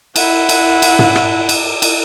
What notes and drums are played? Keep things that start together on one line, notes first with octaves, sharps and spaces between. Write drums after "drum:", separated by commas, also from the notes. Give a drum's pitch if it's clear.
E4 F#5, drum: cymbal
drum: cymbal
drum: cymbal
drum: tom
drum: rim click
drum: cymbal
drum: cymbal